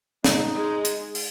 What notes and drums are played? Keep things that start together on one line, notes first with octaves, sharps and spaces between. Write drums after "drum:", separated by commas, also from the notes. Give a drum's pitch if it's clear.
G#3 D#4, drum: snare
G#3
drum: hi-hat
drum: open hi-hat